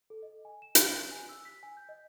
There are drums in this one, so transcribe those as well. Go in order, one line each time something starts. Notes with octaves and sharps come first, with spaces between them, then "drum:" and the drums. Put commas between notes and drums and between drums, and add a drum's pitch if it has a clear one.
A4
D#5
G#5
E7
A#6, drum: hi-hat
F#6
G#5
E6
B6
G#5
G6
D#5